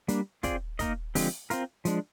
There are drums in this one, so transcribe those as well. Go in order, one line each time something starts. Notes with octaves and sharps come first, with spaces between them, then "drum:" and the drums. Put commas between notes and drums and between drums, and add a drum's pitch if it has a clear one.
G3 A#3 D4, drum: hi-hat
C4 F4 G#4 D5, drum: kick, hi-hat
A#3 D#4 A#4 D#5, drum: kick, hi-hat
D3 F3 G#3 C4 G4, drum: open hi-hat
C4 F4 A#4, drum: hi-hat
F3 G#3 D4, drum: hi-hat